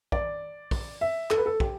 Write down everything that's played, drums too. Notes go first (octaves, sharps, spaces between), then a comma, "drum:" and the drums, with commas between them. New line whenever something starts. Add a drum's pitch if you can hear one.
D5, drum: kick
drum: kick, open hi-hat
E5
A4, drum: clap
B4
A4
G4, drum: kick